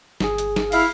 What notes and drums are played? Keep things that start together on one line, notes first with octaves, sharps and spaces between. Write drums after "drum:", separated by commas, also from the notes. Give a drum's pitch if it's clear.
G1 G#4, drum: snare
drum: hi-hat
drum: snare
E4 F5, drum: open hi-hat